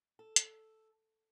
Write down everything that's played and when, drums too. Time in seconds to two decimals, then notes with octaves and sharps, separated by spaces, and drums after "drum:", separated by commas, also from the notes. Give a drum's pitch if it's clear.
0.19 A4
0.36 drum: hi-hat